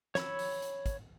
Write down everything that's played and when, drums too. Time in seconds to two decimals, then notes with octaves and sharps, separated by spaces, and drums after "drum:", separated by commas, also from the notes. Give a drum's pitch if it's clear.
0.15 C#5 B5 E6, drum: snare
0.39 drum: open hi-hat
0.62 drum: hi-hat
0.86 drum: kick, hi-hat